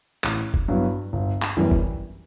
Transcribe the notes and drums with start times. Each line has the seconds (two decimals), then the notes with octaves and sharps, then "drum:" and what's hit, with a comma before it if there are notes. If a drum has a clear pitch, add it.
0.24 A1, drum: clap
0.54 drum: kick
0.68 G2 F#3 B3 E4
1.13 G1
1.42 drum: clap
1.57 F#2 E3 G3 B3
1.71 drum: kick